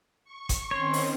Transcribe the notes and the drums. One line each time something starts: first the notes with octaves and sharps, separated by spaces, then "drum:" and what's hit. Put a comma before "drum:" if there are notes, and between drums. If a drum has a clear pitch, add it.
C#6
drum: kick F#1, hi-hat
D#3 C4 C#4 C#5 C6
drum: open hi-hat